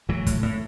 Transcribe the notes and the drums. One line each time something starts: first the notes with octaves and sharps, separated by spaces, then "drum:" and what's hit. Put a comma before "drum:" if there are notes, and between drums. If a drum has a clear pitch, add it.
A2 E3 F#3
A2, drum: kick, hi-hat
A2